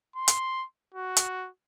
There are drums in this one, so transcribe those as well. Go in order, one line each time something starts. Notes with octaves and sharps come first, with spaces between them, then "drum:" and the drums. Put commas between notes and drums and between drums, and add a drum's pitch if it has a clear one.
C6
drum: hi-hat
F#4
drum: hi-hat